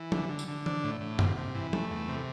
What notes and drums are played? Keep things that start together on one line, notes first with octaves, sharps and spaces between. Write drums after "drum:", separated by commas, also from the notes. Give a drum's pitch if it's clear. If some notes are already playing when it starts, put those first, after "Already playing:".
Already playing: E3
D3, drum: tom F3
D3
drum: tambourine
D3
D4, drum: tom
A2
A2
C3, drum: tom F#2
C3
E3
A3, drum: tom F3
E2
C3